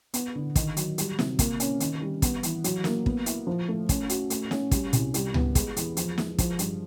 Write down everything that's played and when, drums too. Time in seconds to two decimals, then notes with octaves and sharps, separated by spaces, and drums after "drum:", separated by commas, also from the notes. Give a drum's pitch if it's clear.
0.14 B3, drum: hi-hat
0.36 D3
0.55 D#3, drum: kick, hi-hat
0.77 F#3, drum: hi-hat
0.98 G3, drum: hi-hat
1.19 C3, drum: snare
1.39 A#3, drum: kick, hi-hat
1.60 C#4, drum: hi-hat
1.80 D#3, drum: hi-hat
2.01 G3
2.22 B3, drum: kick, hi-hat
2.43 E3, drum: hi-hat
2.64 F#3, drum: hi-hat
2.84 A#3, drum: snare
3.06 B3, drum: kick
3.26 E4, drum: hi-hat
3.47 F3
3.68 A3
3.89 C#4, drum: kick, hi-hat
4.09 F#4, drum: hi-hat
4.30 A3, drum: hi-hat
4.51 C#4, drum: snare
4.71 G3, drum: kick, hi-hat
4.93 C2, drum: hi-hat
5.14 G3, drum: hi-hat
5.34 B3, drum: tom C#2
5.55 G#3, drum: kick, hi-hat
5.77 E2, drum: hi-hat
5.97 F3, drum: hi-hat
6.18 G#3, drum: snare
6.38 F3, drum: kick, hi-hat
6.59 G2, drum: hi-hat